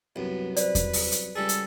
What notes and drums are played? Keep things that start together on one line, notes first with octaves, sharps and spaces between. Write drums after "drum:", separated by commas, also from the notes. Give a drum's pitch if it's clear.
C2 F#2 B3
B4 C5 D5, drum: hi-hat
drum: kick E2, hi-hat
drum: open hi-hat
drum: hi-hat
C#2 G3 G#4 A4
drum: hi-hat